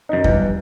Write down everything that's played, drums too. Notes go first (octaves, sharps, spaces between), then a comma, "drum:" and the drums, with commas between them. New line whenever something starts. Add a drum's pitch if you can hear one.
F#2 D#4
E2 G2, drum: kick E2